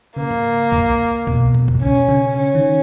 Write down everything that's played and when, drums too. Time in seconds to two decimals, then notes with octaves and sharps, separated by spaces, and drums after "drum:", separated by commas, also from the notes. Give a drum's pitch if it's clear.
0.16 C#3 A#3
0.31 drum: tom G#2
0.72 drum: kick
1.27 B2, drum: kick
1.54 drum: tom G#2
1.68 drum: kick
1.82 C#3 C#4
2.09 C#3
2.37 C#4
2.55 D#3